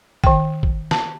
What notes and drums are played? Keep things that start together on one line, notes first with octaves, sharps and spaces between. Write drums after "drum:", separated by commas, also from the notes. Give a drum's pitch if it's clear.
D#3 G5, drum: kick
drum: kick
A5, drum: snare